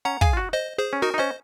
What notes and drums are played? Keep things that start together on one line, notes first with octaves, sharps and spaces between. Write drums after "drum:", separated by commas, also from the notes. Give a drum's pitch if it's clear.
C#4 F#5 A#5
G#4 F5 G#5, drum: kick
F4
F#4
C5 D#5
G#4 C5
C#4
D#4 F#4 A#4
D#4
C#4 C5 D#5